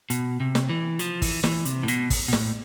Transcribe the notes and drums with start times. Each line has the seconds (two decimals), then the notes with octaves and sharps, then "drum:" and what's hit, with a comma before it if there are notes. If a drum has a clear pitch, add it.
0.10 B2, drum: hi-hat
0.40 C3
0.55 drum: snare
0.69 E3
0.99 F3, drum: hi-hat
1.22 E3, drum: kick, open hi-hat
1.43 E3, drum: snare
1.65 C3, drum: hi-hat
1.83 A2
1.88 B2, drum: hi-hat
2.10 drum: kick, open hi-hat
2.28 B2
2.33 A2, drum: snare